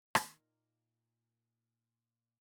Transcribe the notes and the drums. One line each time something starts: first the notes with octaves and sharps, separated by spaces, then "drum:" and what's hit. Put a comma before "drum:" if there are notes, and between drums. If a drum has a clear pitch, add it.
A#2 D#4 A#4, drum: rim click